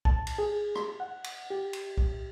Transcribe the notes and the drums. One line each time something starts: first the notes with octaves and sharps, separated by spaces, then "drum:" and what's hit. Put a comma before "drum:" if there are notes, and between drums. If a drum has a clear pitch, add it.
A5, drum: kick B1
drum: cymbal
G#4
drum: rim click
F#5
drum: cymbal
G4
drum: cymbal
drum: kick B1